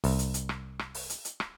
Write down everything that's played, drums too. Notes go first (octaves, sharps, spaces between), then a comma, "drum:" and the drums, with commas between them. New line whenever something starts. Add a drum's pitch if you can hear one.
C2, drum: open hi-hat
drum: hi-hat
drum: hi-hat
drum: rim click
drum: rim click
drum: open hi-hat
drum: hi-hat
drum: hi-hat
drum: rim click